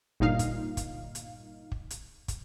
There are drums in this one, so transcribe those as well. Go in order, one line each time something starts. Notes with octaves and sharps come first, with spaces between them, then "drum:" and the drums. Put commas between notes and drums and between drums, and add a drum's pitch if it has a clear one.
G1 A#2 D#4 F5
drum: kick, hi-hat
drum: kick, hi-hat
drum: hi-hat
drum: kick
drum: hi-hat
drum: kick, hi-hat